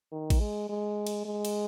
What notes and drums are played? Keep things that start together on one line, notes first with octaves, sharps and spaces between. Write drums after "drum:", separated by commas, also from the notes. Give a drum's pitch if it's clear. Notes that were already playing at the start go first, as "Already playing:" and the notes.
D#3
drum: kick A1, cymbal
G#3
G#3
drum: cymbal
G#3
drum: cymbal